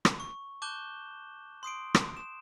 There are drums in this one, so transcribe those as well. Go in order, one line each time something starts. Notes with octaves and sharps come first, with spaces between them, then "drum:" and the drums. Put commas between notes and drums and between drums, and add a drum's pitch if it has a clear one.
drum: rim click
C#6
A5 D6 F#6 G6 E7 G7
C6 D#6 C7 D7
drum: rim click
E7